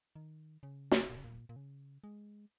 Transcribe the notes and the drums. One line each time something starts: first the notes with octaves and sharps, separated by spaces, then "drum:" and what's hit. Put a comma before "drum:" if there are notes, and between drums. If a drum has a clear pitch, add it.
D#3
C#3
drum: snare
A#2
C#3
A#2
A#2
C#3
G#3